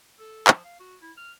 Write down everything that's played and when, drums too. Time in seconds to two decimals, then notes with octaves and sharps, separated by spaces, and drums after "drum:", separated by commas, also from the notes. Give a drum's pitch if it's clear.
0.20 A4
0.48 F3, drum: clap
0.64 F5
0.80 F#4
1.02 E4
1.18 F6